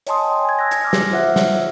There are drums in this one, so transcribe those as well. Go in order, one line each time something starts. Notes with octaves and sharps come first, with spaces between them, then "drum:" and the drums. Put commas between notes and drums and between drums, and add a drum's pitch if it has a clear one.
C#5 D#5 G#5 A5 C6 D#6, drum: hi-hat
G5
G#5 G#6
E6 F#6 G#6 A#6
drum: hi-hat
D6 E6 F6 A#6
drum: snare
F4 C5 E5 F#5 F#6
drum: snare